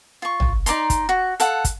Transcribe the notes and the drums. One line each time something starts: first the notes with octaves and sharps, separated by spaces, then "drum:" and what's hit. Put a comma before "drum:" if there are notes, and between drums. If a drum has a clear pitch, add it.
F4 C#6
drum: tom
D#4 D5 A#5 C6, drum: hi-hat
drum: kick, hi-hat
F#4
A4 F5 F#5, drum: hi-hat
drum: kick, hi-hat